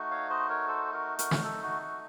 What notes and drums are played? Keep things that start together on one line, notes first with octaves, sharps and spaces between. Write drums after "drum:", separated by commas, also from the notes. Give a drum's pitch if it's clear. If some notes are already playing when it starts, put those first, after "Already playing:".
Already playing: A3 D#4 F#4
C#5 F5
C5 D#5
A#4 C#5
A4 C5
F#4 A#4
F#4 A#4, drum: hi-hat
drum: snare
A4
F#4
F#4